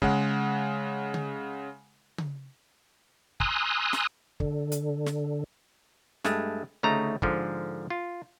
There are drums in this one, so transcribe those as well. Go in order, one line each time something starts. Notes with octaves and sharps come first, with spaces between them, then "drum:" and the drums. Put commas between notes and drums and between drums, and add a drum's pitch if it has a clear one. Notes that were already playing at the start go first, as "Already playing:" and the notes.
C#3 G#3 F#5, drum: kick
drum: tom C#3
drum: tom C#3
G#5 A#5 C6 D#6 E6 F#6, drum: kick
drum: snare
D3, drum: kick
drum: hi-hat
drum: snare
G2 G#3 A3, drum: snare
D2 C#3 A3 D#4 A#5
G#2 D3 F3, drum: kick
F4